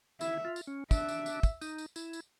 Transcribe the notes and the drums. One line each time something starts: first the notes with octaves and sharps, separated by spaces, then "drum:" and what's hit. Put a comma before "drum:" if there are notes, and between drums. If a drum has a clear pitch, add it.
E4 E5, drum: tambourine
F4
drum: tambourine
C#4
D4 E5, drum: kick, tambourine
drum: tambourine
drum: tambourine
drum: kick, tambourine
D#4, drum: tambourine
drum: tambourine
E4, drum: tambourine
drum: tambourine